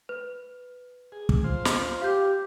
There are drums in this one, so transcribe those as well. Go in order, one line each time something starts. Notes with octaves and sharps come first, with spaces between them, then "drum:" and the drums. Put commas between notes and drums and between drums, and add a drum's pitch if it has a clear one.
B4
G#4
drum: kick
F4 C5
drum: snare
G4 F5 G6